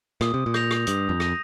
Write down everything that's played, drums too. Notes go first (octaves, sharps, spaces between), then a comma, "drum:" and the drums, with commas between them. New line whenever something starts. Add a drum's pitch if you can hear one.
A#2 D#6, drum: rim click
C3
A#2
G6 A#6 F7, drum: rim click
drum: rim click
G2 D#6, drum: hi-hat
F2
A#6 D#7, drum: rim click